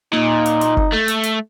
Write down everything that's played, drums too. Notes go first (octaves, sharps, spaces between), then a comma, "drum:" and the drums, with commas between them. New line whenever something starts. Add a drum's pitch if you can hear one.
A#2 D#4
drum: hi-hat
drum: hi-hat
drum: kick F#1
A3
drum: hi-hat
drum: hi-hat